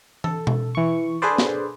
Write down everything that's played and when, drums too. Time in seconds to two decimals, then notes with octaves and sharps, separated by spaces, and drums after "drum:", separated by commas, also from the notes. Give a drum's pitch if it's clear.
0.24 A4, drum: tom
0.47 drum: tom B2
0.75 E3 C#6
1.22 D4 G#4 A4 B4 C5 D5
1.38 drum: snare